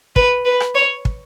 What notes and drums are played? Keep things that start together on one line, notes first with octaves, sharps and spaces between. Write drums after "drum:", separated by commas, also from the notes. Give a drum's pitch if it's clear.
B4, drum: kick
B4
drum: rim click
C#5
drum: kick